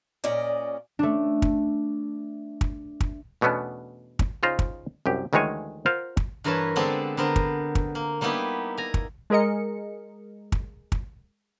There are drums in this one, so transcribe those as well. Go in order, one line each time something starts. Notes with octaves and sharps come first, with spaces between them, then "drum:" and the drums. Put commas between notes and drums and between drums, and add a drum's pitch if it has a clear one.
A#2 C#4 D5 D#5
A3 D4
drum: kick
drum: kick
drum: kick
E2 B2 A3 B3 C#4 D4
drum: kick
C#3 D#4 F4 C5 A#5
drum: kick
C2 F#2 G4
D2 D#3 E3 G#3 C#5 G#5
F4 A#4 C5 F5 F#5
drum: kick
G2 E3 A#4 B4 C#5 A5
D3 G#3 B3 C4 D4 A4
D3 B3 A#4 C5
drum: kick
drum: kick
A#3
G3 A#3 B3 D#4 E4 G4
G#5 A#5
drum: kick
G#3 G#4 A#4 D#5 C#7
drum: kick
drum: kick